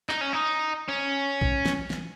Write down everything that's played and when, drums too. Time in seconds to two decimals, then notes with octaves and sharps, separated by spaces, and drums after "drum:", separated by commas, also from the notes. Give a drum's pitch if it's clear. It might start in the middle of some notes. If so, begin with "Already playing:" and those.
0.09 D#4, drum: clap
0.21 C#4
0.33 D#4
0.88 C#4
1.41 drum: kick
1.66 drum: snare
1.90 drum: snare